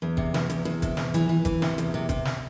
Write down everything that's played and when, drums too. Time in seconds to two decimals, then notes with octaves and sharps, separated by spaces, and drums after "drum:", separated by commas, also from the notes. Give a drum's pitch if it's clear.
0.02 E2
0.17 C3, drum: kick
0.34 E2, drum: snare
0.50 E2, drum: hi-hat
0.65 E2
0.82 C3, drum: kick, hi-hat
0.97 E2, drum: snare
1.14 E3, drum: hi-hat
1.29 E3
1.45 E3, drum: kick, hi-hat
1.62 C3, drum: snare
1.78 E2, drum: hi-hat
1.94 C3
2.09 C3, drum: kick, hi-hat
2.25 drum: snare